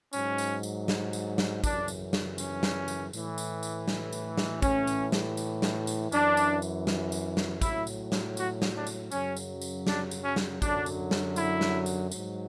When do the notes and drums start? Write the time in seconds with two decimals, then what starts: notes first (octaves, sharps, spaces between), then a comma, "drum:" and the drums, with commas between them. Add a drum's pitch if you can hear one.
0.13 G#2 F#3 C#4, drum: tambourine
0.38 drum: tambourine
0.63 drum: tambourine
0.88 drum: snare
1.13 drum: tambourine
1.38 drum: snare
1.64 F#2 C#3 E3 D4, drum: kick, tambourine
1.88 drum: tambourine
2.13 drum: snare
2.38 C#4, drum: tambourine
2.63 drum: snare
2.88 drum: tambourine
3.13 A2 E3, drum: tambourine
3.38 drum: tambourine
3.63 drum: tambourine
3.88 drum: snare
4.13 drum: tambourine
4.38 drum: snare
4.62 A2 E3 C#4, drum: kick, tambourine
4.87 drum: tambourine
5.12 drum: snare
5.37 drum: tambourine
5.62 drum: snare
5.87 drum: tambourine
6.12 F#2 E3 D4, drum: tambourine
6.37 drum: tambourine
6.62 drum: tambourine
6.87 drum: snare
7.12 drum: tambourine
7.37 drum: snare
7.62 A2 F#3 E4, drum: kick, tambourine
7.87 drum: tambourine
8.12 drum: snare
8.37 F#4, drum: tambourine
8.62 drum: snare
8.74 D4
8.87 drum: tambourine
9.11 F#2 C#3 F#3 C#4, drum: tambourine
9.37 drum: tambourine
9.61 drum: tambourine
9.87 D4, drum: snare
10.11 drum: tambourine
10.23 C#4
10.36 drum: snare
10.62 F#2 D3 F#3 D4, drum: kick, tambourine
10.86 drum: tambourine
11.11 drum: snare
11.36 E4, drum: tambourine
11.61 drum: snare
11.86 drum: tambourine
12.11 G#2 F#3, drum: tambourine